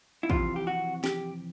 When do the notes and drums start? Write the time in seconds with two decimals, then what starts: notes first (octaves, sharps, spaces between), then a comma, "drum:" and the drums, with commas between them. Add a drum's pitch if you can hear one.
0.23 E4
0.30 F2 C3 E3 F4, drum: kick
0.56 G4
0.67 F#4
1.04 G4, drum: snare